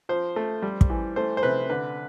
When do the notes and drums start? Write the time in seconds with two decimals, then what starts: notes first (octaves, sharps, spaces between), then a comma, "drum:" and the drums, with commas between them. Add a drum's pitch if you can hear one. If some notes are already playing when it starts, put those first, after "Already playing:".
0.09 F3 C5
0.36 A3
0.63 G3
0.81 drum: kick
0.90 E3
1.16 A3 C5
1.37 C5
1.43 C3 B4
1.70 D3 B4